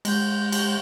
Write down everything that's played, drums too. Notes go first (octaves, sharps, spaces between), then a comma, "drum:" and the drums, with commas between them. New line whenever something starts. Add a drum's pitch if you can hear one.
G#3 G6, drum: cymbal
drum: cymbal